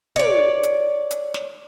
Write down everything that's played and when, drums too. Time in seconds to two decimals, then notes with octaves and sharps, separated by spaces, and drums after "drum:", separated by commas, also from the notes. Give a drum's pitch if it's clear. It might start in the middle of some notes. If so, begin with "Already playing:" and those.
0.16 C#5 D5, drum: tom
0.63 drum: hi-hat
1.11 drum: hi-hat
1.34 drum: snare